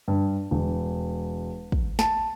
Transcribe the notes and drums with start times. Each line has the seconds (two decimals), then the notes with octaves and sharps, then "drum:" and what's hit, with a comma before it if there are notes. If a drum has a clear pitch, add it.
0.08 G2
0.51 E1
1.72 drum: kick
1.99 A5, drum: snare